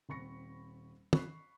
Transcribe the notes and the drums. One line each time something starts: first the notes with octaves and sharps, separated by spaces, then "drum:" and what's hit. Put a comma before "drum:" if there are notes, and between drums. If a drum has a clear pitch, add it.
D#1 C4 B5 C#6 A#6 C#7
B5 C#6 F#6 B6 C7, drum: tom